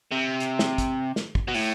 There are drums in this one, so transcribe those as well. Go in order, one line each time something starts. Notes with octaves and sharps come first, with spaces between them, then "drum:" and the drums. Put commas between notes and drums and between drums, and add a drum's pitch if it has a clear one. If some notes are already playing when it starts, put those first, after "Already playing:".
C3
drum: hi-hat
drum: snare
drum: kick, hi-hat
drum: snare
drum: kick
B2
A2, drum: open hi-hat